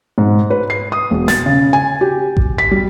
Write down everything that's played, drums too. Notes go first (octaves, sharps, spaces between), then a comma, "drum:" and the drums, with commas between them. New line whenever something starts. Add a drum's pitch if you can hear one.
G#2
B4
C7
D#6
E1
A6, drum: snare
C#3
G#5
G4
drum: kick A1
B6
G3